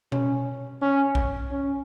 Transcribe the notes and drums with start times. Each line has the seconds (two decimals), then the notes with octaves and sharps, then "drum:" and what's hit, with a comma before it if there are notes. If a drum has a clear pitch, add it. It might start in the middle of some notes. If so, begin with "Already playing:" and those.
0.12 C#4, drum: tom B2
0.82 C#4
1.15 drum: kick B1
1.51 C#4